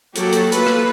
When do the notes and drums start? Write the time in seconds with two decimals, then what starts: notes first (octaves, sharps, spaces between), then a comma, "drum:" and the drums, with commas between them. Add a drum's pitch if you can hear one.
0.16 F#3 A#3 F#4 G4 A4, drum: hi-hat
0.33 drum: hi-hat
0.52 A#3 F4 A4 B4, drum: hi-hat
0.67 drum: rim click